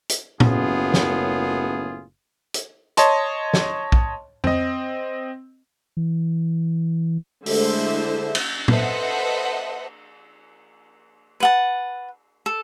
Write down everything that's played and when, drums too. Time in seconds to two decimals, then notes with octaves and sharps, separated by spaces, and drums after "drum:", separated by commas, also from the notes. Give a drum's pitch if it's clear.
0.09 drum: hi-hat
0.40 F#1 F#2 A2 B3 F4 G#4, drum: tom A#2
0.94 drum: snare
2.54 drum: hi-hat
2.97 C#5 D#5 A5 C6, drum: hi-hat
3.53 drum: snare
3.92 drum: kick A#1
4.44 C4 D#5, drum: tom F2
5.97 E3
7.46 D3 G#3 A3 E4 C5 E5, drum: open hi-hat
8.35 drum: cymbal
8.68 A4 B4 C5 D#5 E5 F#5, drum: tom A#2
11.40 B4 F#5 A5
12.46 A4